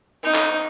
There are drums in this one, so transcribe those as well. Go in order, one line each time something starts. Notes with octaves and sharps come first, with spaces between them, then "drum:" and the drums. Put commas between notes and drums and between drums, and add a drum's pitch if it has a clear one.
D#4
drum: clap